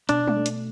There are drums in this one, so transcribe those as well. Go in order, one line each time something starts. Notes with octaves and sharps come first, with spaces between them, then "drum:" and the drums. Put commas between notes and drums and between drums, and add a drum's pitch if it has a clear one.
B2 D4, drum: hi-hat
drum: tom
A3
drum: hi-hat